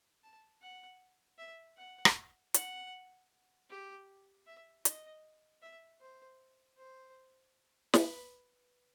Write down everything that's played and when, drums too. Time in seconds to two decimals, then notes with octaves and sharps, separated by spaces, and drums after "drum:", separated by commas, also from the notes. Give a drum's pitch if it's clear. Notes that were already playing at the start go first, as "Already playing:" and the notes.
0.23 A5
0.62 F#5
1.38 E5
1.77 F#5
2.05 drum: rim click
2.54 F#5, drum: hi-hat
3.70 G4
4.47 E5
4.85 D#5, drum: hi-hat
5.62 E5
6.01 C5
6.78 C5
7.94 B4, drum: snare